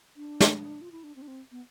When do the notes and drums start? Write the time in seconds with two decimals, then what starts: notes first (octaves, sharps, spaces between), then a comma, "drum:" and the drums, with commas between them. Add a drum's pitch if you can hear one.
0.16 D4
0.40 drum: snare
0.82 F4
0.92 E4
1.04 D4
1.16 C4
1.22 D4
1.28 C4
1.52 B3